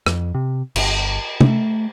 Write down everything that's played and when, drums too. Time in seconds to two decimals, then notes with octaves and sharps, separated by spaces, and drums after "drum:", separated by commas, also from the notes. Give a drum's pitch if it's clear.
0.06 F2, drum: rim click
0.35 C3
0.76 G1, drum: cymbal
1.41 A3, drum: tom C3